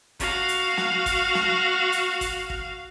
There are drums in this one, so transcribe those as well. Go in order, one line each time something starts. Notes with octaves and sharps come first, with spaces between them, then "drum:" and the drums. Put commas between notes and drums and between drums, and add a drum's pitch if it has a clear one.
F#4 F5, drum: kick, hi-hat
drum: hi-hat
drum: snare
drum: kick, hi-hat
drum: snare
drum: hi-hat
drum: kick, hi-hat
drum: kick